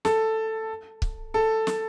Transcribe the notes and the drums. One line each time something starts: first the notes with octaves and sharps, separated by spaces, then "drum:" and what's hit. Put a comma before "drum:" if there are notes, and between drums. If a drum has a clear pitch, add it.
A4, drum: snare
drum: kick C#1
A4
drum: snare